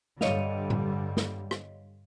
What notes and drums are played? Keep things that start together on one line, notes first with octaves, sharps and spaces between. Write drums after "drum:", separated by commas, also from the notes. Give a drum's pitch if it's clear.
G2 D3 G3 C#5 D#5 F5, drum: snare
drum: tom A2
drum: snare
drum: rim click